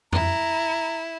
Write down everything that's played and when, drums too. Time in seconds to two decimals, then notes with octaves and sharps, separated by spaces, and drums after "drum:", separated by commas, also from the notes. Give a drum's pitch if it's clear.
0.12 E4 A#5, drum: tom F2